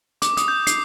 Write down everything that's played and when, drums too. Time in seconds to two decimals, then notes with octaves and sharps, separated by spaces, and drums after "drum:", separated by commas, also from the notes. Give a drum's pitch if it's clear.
0.22 D6, drum: hi-hat
0.37 D#6, drum: hi-hat
0.48 G6
0.67 C7, drum: hi-hat